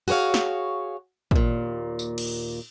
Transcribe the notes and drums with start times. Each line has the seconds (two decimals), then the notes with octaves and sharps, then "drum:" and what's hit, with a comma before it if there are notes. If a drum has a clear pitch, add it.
0.08 F#4 G#4 B4 C#5 F5, drum: open hi-hat
0.34 drum: snare
1.31 D#2 A#2, drum: kick
1.99 drum: tambourine
2.18 drum: cymbal